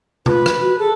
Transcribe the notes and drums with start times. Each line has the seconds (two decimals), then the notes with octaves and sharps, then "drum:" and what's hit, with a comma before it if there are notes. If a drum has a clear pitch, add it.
0.26 F4 B4, drum: tom C3
0.46 drum: rim click
0.60 F#4
0.79 G#4 A4